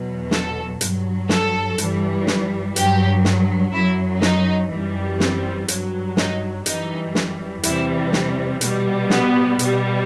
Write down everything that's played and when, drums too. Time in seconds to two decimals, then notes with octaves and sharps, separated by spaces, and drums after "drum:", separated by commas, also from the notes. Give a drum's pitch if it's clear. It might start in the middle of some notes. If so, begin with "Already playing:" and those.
Already playing: E2 B2 F#3
0.31 A4, drum: snare
0.81 G2 F#3, drum: hi-hat
1.29 A4, drum: snare
1.78 G2 E3 G3, drum: hi-hat
2.27 drum: snare
2.76 G2 F#3 G4, drum: hi-hat
3.25 drum: snare
3.73 F#2 F#3 E4
4.22 D#4, drum: snare
4.71 F#2 E3 G3
5.20 C4, drum: snare
5.68 G2 F#3, drum: hi-hat
6.17 D#4, drum: snare
6.66 F#2 E3 G3 D#4, drum: hi-hat
7.15 drum: snare
7.63 E2 C3 E3 G3 E4, drum: hi-hat
8.13 drum: snare
8.61 B2 G3, drum: hi-hat
9.10 B3, drum: snare
9.59 B2 G3, drum: hi-hat